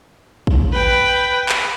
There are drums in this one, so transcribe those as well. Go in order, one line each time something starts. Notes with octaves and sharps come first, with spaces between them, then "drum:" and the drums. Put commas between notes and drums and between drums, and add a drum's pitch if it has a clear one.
drum: kick
B4 G5
drum: clap